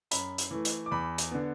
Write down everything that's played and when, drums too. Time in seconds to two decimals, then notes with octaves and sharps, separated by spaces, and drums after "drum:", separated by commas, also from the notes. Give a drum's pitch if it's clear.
0.11 F#2 B5, drum: hi-hat
0.38 drum: hi-hat
0.51 E3 A3
0.65 drum: hi-hat
0.86 D6
0.91 E2 B5
1.18 drum: hi-hat
1.31 D3 B3